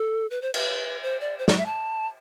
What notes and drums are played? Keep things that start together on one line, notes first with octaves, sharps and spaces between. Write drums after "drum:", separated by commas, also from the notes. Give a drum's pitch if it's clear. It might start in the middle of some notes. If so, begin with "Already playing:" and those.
Already playing: A4
B4
C5
B4, drum: cymbal
C5
D5
C5
D5, drum: snare
E5
A5